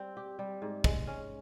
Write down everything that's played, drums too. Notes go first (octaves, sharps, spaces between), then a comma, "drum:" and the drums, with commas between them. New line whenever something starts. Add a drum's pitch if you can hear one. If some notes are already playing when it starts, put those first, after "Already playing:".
Already playing: G3 C4
G4
G3
G#2
G#3, drum: kick
C#4